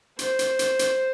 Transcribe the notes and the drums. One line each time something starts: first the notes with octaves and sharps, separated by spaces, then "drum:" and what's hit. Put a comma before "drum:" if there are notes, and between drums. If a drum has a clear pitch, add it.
C5, drum: hi-hat
drum: hi-hat
drum: hi-hat
drum: hi-hat